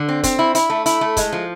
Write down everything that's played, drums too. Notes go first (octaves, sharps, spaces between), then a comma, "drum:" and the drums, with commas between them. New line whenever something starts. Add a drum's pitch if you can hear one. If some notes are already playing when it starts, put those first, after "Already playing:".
Already playing: D3
C4
C4, drum: kick, hi-hat
E4
E4, drum: hi-hat
A3
E4, drum: hi-hat
A3
G#3, drum: kick, hi-hat
F3